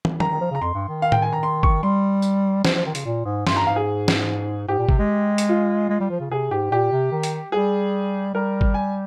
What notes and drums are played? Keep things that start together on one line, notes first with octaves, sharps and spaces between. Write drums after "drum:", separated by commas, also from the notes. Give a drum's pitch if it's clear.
drum: tom
D#3 A#5, drum: tom
D#3
F3
C#3 A#5
F2 C6
G2
D#3
F5
G5, drum: tom A2
G#5
A#5
C6
C#6, drum: kick
G3 C6
drum: tambourine
F3, drum: snare
F3
D#3
C#3, drum: hi-hat
A#2
G#2
G2 C6, drum: snare
A#5
G#2 F5
G#4
drum: snare
G#2 G4
A#2
C3, drum: kick
G#3
drum: hi-hat
F4
G#3
G3
F3
C#3
C3 G#4
G#2 G4
A#2 G4
C3
D#3
drum: hi-hat
G3 G#4
G3 A#4
drum: kick
G#5